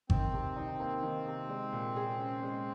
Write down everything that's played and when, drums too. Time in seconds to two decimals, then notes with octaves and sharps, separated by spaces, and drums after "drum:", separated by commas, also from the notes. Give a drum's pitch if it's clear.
0.10 D#3 C4, drum: kick G#1
0.33 C3
0.56 D#4
0.80 A#3
1.03 D#3
1.26 C3
1.50 G#3
1.73 A#2
1.96 G#4
2.19 C#4
2.43 G#3